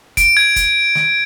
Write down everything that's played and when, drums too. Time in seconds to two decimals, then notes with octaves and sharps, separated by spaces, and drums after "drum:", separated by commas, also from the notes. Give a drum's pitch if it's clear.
0.17 D7, drum: kick, hi-hat
0.37 G#6
0.56 drum: kick, hi-hat
0.95 drum: snare